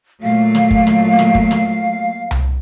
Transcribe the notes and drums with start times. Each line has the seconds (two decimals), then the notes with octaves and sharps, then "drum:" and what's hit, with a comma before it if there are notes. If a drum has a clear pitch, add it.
0.23 A#2 F#3 A3 F5
0.55 drum: snare
0.71 drum: kick
0.87 drum: snare
1.19 drum: snare
1.35 drum: kick
1.51 drum: snare
2.31 drum: tom C2